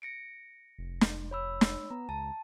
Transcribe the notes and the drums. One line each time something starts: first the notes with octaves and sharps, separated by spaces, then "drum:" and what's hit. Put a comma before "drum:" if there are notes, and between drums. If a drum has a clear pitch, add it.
A#6 C#7 D7
F1
drum: snare
C#5 B5 E6
drum: snare
B3 A#5
C#2 A5